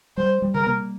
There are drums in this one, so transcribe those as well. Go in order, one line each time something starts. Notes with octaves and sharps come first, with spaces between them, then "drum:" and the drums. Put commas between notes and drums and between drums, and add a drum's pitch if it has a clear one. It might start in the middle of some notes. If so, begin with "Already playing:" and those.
G3 C5
G3
A#4, drum: tom B2
A#3